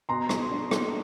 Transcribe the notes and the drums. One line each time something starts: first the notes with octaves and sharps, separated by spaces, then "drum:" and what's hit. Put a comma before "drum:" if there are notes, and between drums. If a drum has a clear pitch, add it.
B2 A#5 C6
B2, drum: rim click
D4
A#3, drum: rim click